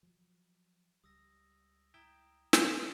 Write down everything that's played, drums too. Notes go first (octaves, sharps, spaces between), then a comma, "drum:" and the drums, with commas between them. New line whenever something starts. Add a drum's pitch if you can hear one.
F3 F#3
C#2 G3 D#6 E6 A#6
E4 G5 A#5 D#6 G7
drum: snare